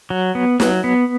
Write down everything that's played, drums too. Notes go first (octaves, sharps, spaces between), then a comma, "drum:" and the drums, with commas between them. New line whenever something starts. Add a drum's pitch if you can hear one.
F#3
B3
F#3, drum: snare
B3